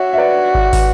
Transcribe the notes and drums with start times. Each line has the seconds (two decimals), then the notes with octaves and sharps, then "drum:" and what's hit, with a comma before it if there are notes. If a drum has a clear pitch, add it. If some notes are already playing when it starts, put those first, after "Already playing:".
Already playing: F#4 C#5 E5
0.13 E5
0.18 B4 D5
0.55 drum: kick
0.73 drum: kick, open hi-hat